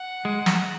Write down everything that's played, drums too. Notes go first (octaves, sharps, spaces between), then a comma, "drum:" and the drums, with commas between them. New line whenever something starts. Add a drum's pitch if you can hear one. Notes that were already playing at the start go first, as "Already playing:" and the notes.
Already playing: F#5
G#3
drum: snare